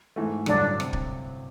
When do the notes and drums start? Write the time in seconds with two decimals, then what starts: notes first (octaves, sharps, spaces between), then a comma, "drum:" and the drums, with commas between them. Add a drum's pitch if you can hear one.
0.16 G#2 E3 A3
0.46 A1 G2 D3 F#3 D4, drum: rim click
0.80 C3, drum: rim click
0.93 drum: kick D1